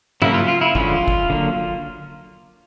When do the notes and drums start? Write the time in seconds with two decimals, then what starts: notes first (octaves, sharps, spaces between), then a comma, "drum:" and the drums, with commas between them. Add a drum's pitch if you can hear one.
0.22 C#3 F#3 A#3 C#4 E4, drum: tom G2
0.34 F4
0.48 F4
0.61 E4
0.75 D3 F3 G#3 C#4 F4, drum: kick
1.08 drum: kick
1.30 D3 F#3 A#3